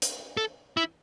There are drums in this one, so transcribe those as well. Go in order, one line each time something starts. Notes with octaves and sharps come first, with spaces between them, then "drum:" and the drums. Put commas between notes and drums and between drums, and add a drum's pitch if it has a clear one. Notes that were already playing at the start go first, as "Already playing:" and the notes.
drum: hi-hat
A4
E4